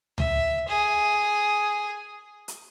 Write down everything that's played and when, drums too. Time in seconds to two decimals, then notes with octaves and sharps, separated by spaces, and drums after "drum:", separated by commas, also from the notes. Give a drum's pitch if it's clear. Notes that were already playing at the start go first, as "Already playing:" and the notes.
0.18 E5, drum: tom C#2
0.68 G#4
2.48 drum: hi-hat